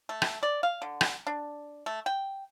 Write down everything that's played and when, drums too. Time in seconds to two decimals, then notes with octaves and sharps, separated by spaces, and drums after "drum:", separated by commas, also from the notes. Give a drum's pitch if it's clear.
0.09 A3
0.22 drum: rim click
0.43 D5
0.63 F5
0.82 D3
1.01 drum: rim click
1.27 D4
1.86 A3
2.06 G5